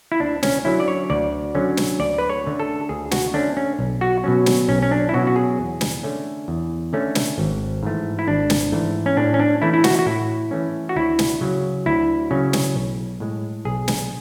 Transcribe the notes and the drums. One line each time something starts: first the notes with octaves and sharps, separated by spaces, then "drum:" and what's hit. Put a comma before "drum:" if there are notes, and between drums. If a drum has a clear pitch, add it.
E4
D2 D4
C#4, drum: snare
D3 F#3 C#4 E4
D5
C#5
D2 D5
D3 F#3 C#4
drum: snare
D2 D5
B4
C#5
D3 A3 C#4
A4
D2 G#4
F#4, drum: snare
D3 A3 C#4 D4
C#4
B1
F#4
B2 F#3 C#4
drum: snare
B1 C#4
C#4
D4
E4
B2 F#3 C#4 F#4
F#4
G#4
E2
drum: snare
D3 A3 C#4
E2
D3 A3 C#4
drum: snare
G#1
G#2 E3 A3
E4
G#1 D4
drum: snare
G#2 E3 A3
C#4
A2 D4
C#4
D4
E3 A3 C#4 E4
E4
F#4, drum: snare
F#4
A2 E4
E3 A3 C#4
F#4
D2 E4
drum: snare
C#3 F#3 C#4
D2 E4
C#3 F#3 C#4
drum: snare
B1
A2 G#3
B1 G#4
drum: snare